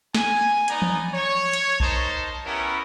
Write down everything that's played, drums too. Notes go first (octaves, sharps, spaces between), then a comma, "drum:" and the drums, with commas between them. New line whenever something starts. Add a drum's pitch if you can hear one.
G#5, drum: snare
B3 D#4 D5 G#5 A#5, drum: hi-hat
drum: tom E3
C#5
drum: hi-hat
D#4 A#4 C5 A5, drum: kick A#1
B3 C#4 E4 G4 A#4